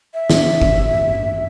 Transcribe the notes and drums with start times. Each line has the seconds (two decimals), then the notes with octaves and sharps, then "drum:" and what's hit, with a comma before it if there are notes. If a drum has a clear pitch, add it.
0.14 E5
0.29 drum: snare
0.62 drum: kick